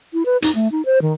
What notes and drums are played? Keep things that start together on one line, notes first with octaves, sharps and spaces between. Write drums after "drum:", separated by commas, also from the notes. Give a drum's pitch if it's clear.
E4
B4
D#4, drum: hi-hat
A3
D#4
C5
D#3